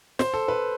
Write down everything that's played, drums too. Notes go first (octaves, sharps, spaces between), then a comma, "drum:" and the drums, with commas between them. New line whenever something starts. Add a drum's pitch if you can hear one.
C5, drum: snare
A4
B4